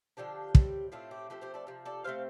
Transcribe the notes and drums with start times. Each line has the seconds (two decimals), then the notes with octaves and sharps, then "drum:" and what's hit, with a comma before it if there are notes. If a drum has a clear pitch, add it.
0.17 D3 F3 D4 G4
0.55 A2 G3 C4, drum: kick
0.92 A2 A3 C4 F4
1.11 G4
1.30 F3 A3 C4 G4
1.41 G4 C5
1.54 A4 D5
1.67 C3 F3
1.86 A4 D5
2.04 C3 A3 C4 C5 F5